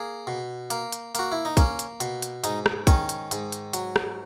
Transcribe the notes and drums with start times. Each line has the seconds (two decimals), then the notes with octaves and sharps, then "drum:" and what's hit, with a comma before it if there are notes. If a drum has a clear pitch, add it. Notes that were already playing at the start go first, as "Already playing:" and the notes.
Already playing: A#3 G#4
0.27 B2
0.70 A#3, drum: hi-hat
0.92 drum: hi-hat
1.15 A#3 F#4, drum: hi-hat
1.32 E4
1.45 D#4
1.57 A#3 C#4, drum: kick, hi-hat
1.79 drum: hi-hat
2.00 B2, drum: hi-hat
2.22 drum: hi-hat
2.44 G#2 D#4, drum: hi-hat
2.66 drum: rim click
2.87 D#3 C#4, drum: kick, hi-hat
3.09 drum: hi-hat
3.31 G#2, drum: hi-hat
3.52 drum: hi-hat
3.73 F#3, drum: hi-hat
3.96 drum: rim click